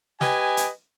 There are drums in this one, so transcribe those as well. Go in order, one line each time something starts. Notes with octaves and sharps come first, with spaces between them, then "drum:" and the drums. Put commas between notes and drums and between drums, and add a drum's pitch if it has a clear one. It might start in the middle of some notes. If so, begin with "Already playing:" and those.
G4 B4 D#5 G#5, drum: snare
drum: hi-hat